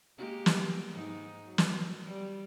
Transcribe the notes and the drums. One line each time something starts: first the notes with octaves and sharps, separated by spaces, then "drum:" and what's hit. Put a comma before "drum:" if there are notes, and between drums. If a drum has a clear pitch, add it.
G#3 A#3 G4
drum: snare
G#2 D#4
F#3
drum: snare
G3